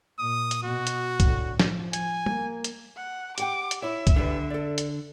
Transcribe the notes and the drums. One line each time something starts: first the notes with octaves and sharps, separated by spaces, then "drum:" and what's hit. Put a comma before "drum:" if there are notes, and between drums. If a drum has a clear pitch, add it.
A#2 D#6
drum: hi-hat
B2 F#4
drum: hi-hat
A2 D3, drum: kick B1, hi-hat
F3, drum: snare
G#5, drum: hi-hat
A#3, drum: tom
drum: hi-hat
F#5
G4 F#5 G5 D6, drum: hi-hat
drum: hi-hat
E4 C#5 E5
drum: kick B1, hi-hat
E2 D3 G3 B4
A4 D5
drum: hi-hat